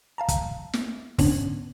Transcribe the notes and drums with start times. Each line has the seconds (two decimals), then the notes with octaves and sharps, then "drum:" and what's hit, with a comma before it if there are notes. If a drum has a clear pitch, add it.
0.18 F5 A5 A#5
0.28 drum: kick, hi-hat
0.73 drum: snare
1.19 G#2 D3 B3 C#4 D4, drum: kick, open hi-hat